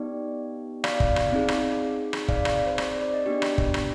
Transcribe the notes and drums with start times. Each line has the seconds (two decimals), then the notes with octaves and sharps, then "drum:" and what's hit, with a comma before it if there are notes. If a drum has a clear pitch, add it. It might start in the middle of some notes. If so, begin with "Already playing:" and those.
Already playing: B3 D#4 G4 D5
0.84 D5 F5, drum: rim click
1.00 drum: kick
1.16 drum: rim click
1.32 C4 D#4 G#4
1.48 drum: rim click
2.13 drum: rim click
2.28 D5 F5, drum: kick
2.45 drum: rim click
2.66 C5
2.78 D5, drum: rim click
3.02 D5
3.14 D#5
3.25 B3 D4 G4 D5
3.42 drum: rim click
3.58 drum: kick
3.74 drum: rim click